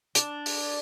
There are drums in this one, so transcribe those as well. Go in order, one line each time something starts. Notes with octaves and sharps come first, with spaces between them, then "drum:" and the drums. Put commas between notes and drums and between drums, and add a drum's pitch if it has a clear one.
D4, drum: hi-hat
drum: open hi-hat